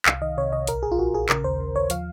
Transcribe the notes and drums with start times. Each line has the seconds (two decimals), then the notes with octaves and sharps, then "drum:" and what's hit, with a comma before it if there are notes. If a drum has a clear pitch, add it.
0.06 C2 F5, drum: clap
0.21 D#3 D#5
0.37 C3 C#5
0.52 C2 D#5
0.67 A#1 A#4, drum: hi-hat
0.83 A#1 G#4
0.92 F4
0.99 A#1 F#4
1.13 A#1 G#4
1.29 C#3 A#4, drum: clap
1.44 D#2 C5
1.60 C#3
1.75 D#2 C#5
1.90 F3 F5, drum: hi-hat